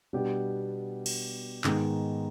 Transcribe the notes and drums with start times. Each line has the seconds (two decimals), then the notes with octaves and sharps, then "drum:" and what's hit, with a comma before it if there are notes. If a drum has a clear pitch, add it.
0.13 B2 G3 B3 D4 G4
1.06 drum: cymbal
1.64 G#2 D#3 G#3 B3 D#4, drum: clap